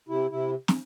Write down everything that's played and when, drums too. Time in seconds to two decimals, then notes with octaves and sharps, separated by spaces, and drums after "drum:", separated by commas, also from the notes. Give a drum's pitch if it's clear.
0.09 C3 E4
0.31 C3 E4
0.68 drum: snare